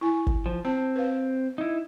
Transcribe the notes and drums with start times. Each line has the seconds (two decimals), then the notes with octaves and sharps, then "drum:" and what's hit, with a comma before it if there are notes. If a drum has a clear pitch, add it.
0.01 E4 G#5
0.27 drum: kick
0.46 F3
0.65 C4 A5
0.96 B4 F5
1.58 D#4 E4